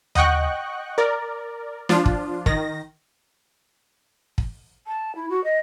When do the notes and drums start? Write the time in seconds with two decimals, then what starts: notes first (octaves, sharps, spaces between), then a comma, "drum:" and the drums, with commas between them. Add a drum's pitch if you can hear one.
0.15 D#5 F#5 G5 C#6 F#6, drum: tom D#2
0.98 A#4 D5
1.89 F3 D4 F4, drum: snare
2.06 drum: kick
2.46 D#3 A#6, drum: kick
4.38 drum: kick
4.87 A5
5.15 E4
5.30 F#4
5.44 D#5